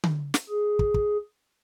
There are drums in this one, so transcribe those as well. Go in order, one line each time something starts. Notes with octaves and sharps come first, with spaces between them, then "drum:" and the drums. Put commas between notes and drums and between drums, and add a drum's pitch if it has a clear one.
drum: tom D3
drum: snare
G#4
drum: kick
drum: kick